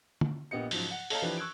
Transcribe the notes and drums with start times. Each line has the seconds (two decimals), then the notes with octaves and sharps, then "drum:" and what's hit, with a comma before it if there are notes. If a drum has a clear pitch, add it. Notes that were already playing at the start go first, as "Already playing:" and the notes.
0.21 drum: tom
0.51 A#1 A#2 B3 G4 D#5 C#7
0.71 G#2 C#3 F3 F#3, drum: open hi-hat
0.91 F#5
1.10 A4 C#5 D#5 F5 A5 A#5, drum: open hi-hat
1.22 E3 F3 D4 G4 B4
1.37 C#6 E6 F#6 G#6 D7